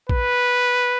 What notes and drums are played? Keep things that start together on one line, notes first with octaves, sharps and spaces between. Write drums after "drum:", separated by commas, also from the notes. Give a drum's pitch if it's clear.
B4, drum: kick A#1